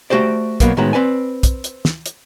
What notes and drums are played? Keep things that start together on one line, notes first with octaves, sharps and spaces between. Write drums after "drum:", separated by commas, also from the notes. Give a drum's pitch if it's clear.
A3 C#4 F#4 G4 C5 D5
B2 F#3 A#3 B3, drum: kick, hi-hat
A2 D#3 G#3 B3 F#4 A#5
C4 B4 D5 G#5
drum: kick, hi-hat
drum: hi-hat
drum: snare
drum: hi-hat